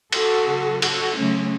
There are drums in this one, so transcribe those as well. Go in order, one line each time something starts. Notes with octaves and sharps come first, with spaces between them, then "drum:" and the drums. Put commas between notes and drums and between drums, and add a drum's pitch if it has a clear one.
F#4 A4, drum: cymbal
C#3 F#3
F#4 A4, drum: cymbal
C#3 F#3 A3 C#4